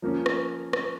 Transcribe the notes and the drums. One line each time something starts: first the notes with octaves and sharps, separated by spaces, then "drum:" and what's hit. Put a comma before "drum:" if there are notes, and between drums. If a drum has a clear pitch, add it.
F3 A#3 C#4
drum: rim click
drum: rim click